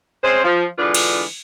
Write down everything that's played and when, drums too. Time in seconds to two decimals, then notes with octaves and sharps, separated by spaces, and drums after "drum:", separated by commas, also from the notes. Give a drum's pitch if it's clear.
0.24 G#3 C4 C#4 C5
0.45 F3
0.79 D3 E3 G#3 D4 F4 B4
0.94 drum: cymbal